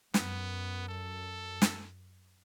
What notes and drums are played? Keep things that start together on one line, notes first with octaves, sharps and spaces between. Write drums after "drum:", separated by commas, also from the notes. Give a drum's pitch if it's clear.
F#2 B3, drum: snare
A4
drum: snare